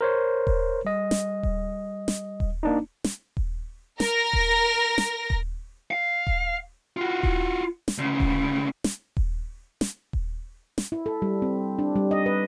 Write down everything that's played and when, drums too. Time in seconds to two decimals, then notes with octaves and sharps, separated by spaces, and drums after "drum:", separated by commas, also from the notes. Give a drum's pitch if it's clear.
0.01 A#4 C5 C#5
0.47 drum: kick D#1
0.85 G3 D#5
1.11 drum: snare
1.43 drum: kick D#1
2.08 drum: snare
2.40 drum: kick D#1
2.63 A#3 D4 D#4
3.04 drum: snare
3.37 drum: kick D#1
4.00 A#4 A#6, drum: snare
4.33 drum: kick D#1
4.98 drum: snare
5.30 drum: kick D#1
5.91 F5
6.27 drum: kick D#1
6.97 F4 F#4
7.23 drum: kick D#1
7.88 drum: snare
7.98 D2 C#3
8.20 drum: kick D#1
8.84 drum: snare
9.17 drum: kick D#1
9.81 drum: snare
10.13 drum: kick D#1
10.78 drum: snare
10.92 E4
11.06 A4
11.22 G3
11.42 C4
11.79 D4
11.96 G3
12.11 D#5
12.26 B4